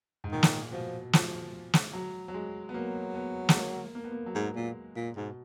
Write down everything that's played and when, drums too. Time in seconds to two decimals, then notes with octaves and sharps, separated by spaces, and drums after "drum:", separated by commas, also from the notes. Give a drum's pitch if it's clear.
0.24 G#2
0.32 A#2 D#3
0.43 drum: snare
0.72 B2 F3
1.13 F3, drum: snare
1.74 drum: snare
1.93 F#3
2.28 F#3
2.34 G#3
2.69 B3
2.74 F#3 A#3
3.14 B3
3.49 G#3, drum: snare
3.55 A#3
3.95 A#3
4.04 B3
4.12 A#3
4.26 F#3
4.35 G#2 G#3
4.56 A#2
4.96 A#2
5.16 G#2 B2